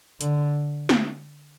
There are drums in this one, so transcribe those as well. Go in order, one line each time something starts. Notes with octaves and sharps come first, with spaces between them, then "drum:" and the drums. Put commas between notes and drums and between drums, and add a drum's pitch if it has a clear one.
D3, drum: hi-hat
drum: snare